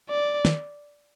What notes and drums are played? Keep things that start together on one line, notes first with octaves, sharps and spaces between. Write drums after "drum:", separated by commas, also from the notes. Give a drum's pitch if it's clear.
D5
drum: snare